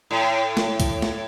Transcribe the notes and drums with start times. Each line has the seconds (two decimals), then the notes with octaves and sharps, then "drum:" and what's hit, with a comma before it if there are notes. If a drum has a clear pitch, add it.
0.11 A2
0.57 drum: snare
0.80 drum: kick, hi-hat
1.02 drum: snare